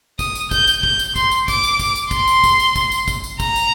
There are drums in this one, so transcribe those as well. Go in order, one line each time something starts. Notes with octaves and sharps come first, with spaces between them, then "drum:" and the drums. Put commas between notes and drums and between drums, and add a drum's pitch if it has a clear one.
D#6, drum: kick, tambourine
drum: tambourine
G6, drum: kick, tambourine
drum: tambourine
G6, drum: kick
drum: tambourine
C6, drum: kick, tambourine
drum: tambourine
D6, drum: kick, tambourine
drum: tambourine
drum: kick, tambourine
drum: tambourine
C6, drum: kick, tambourine
drum: tambourine
drum: kick, tambourine
drum: tambourine
drum: kick, tambourine
drum: tambourine
drum: kick, tambourine
drum: tambourine
A#5, drum: kick, tambourine
drum: tambourine